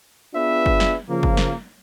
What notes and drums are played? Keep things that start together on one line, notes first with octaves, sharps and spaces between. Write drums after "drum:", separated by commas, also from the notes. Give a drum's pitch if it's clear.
B3 D4 F4 G#4 B4 E5
drum: kick
drum: snare
C#3 F3 A#3
drum: kick
drum: snare